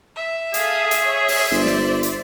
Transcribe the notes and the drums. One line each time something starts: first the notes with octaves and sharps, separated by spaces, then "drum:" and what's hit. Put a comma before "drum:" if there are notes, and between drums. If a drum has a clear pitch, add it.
E5
G#4 A4 F5 D#6, drum: hi-hat
drum: hi-hat
C#5
drum: open hi-hat
G1 C5 D5
drum: snare
drum: hi-hat